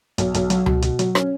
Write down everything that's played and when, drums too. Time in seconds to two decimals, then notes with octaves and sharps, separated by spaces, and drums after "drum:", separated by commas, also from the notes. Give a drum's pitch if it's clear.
0.18 B1, drum: hi-hat
0.34 B1, drum: hi-hat
0.50 F#3, drum: hi-hat
0.66 B2, drum: tom C#2
0.82 B2, drum: hi-hat
0.99 F#3, drum: hi-hat
1.15 C#4, drum: rim click